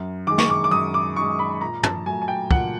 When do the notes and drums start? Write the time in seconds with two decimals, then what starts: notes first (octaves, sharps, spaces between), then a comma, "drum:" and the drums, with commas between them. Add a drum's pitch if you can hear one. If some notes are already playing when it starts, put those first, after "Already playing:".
Already playing: F#2
0.27 D#3 G#3 D6
0.38 C#6, drum: snare
0.50 D6
0.64 D6
0.71 F#2 D#6
0.94 D6
1.16 D#3 G#3 C#6
1.39 B5
1.61 A#2 A#5
1.83 A5, drum: tom
2.06 F#3 A3 G#5
2.22 G#5
2.28 G5
2.51 A#2 F#5, drum: kick